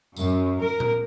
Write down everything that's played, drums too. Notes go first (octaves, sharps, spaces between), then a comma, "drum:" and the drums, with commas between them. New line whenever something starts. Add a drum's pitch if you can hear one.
F#2, drum: tambourine
A#4
drum: tom A#2